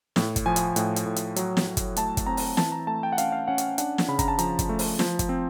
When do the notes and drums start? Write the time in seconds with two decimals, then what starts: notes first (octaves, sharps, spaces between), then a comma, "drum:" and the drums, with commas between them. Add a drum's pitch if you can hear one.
0.16 A2, drum: snare
0.36 drum: kick, hi-hat
0.46 F3 G#5
0.56 drum: hi-hat
0.76 A2, drum: hi-hat
0.96 drum: hi-hat
1.06 A2
1.16 drum: hi-hat
1.36 F#3, drum: hi-hat
1.57 drum: snare
1.67 F#3
1.77 drum: kick, hi-hat
1.96 A3 A5, drum: hi-hat
2.17 drum: kick, hi-hat
2.27 C4 A#5
2.37 drum: open hi-hat
2.57 E3 A5, drum: snare
2.72 A#5
2.87 A3 A5
3.03 G5
3.12 F#5
3.18 C#4 F5, drum: hi-hat
3.32 F5
3.48 C#4 F#5
3.58 drum: hi-hat
3.78 D4 F#5, drum: hi-hat
3.98 drum: snare
4.08 C#3 B5
4.19 A#5, drum: kick, hi-hat
4.28 A5
4.39 F3 A#5, drum: hi-hat
4.59 drum: kick, hi-hat
4.69 A3
4.79 drum: open hi-hat
4.99 F3, drum: snare
5.19 drum: kick, hi-hat
5.29 C4